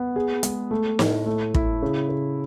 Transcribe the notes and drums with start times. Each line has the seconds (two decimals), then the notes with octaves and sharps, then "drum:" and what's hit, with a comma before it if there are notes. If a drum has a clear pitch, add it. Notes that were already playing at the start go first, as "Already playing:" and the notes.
Already playing: B3
0.16 G#4
0.43 G#3, drum: hi-hat
0.71 A3
0.99 A2, drum: snare
1.26 A3
1.54 E4, drum: kick
1.82 C#3
2.09 C#3